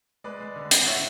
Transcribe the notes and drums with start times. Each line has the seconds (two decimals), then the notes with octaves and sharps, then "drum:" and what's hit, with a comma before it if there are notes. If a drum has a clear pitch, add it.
0.24 G#3 B4 D5
0.40 G#3
0.56 D3
0.71 D3, drum: hi-hat
0.82 F#5
0.87 A2 C#5 E5